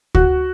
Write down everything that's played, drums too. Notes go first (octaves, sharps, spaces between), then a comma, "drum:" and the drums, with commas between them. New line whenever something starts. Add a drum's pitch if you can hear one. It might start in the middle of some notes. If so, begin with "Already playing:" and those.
F#4, drum: kick